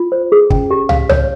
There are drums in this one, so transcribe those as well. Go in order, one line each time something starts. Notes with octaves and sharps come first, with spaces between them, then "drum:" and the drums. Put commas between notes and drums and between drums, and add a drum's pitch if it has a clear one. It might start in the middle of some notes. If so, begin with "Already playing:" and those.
Already playing: F4
C5
G#4
C#4, drum: kick
G4
F5, drum: tom
C#5, drum: tom